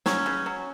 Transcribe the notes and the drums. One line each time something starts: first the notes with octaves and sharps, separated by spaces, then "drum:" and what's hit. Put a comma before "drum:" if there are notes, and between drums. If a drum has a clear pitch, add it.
F#3 C#4, drum: snare
C#3
F#3